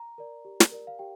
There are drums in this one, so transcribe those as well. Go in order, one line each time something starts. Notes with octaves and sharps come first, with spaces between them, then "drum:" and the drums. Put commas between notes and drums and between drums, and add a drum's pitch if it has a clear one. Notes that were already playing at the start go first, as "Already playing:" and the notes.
Already playing: A#5
A#4 D5
G4
drum: snare
A#4 D5
F5
G4 G5